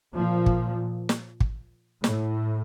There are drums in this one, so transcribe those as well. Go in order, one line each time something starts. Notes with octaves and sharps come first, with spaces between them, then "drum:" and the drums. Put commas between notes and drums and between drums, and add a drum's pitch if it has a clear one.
A#2 F3
drum: kick
drum: snare
drum: kick
A2, drum: snare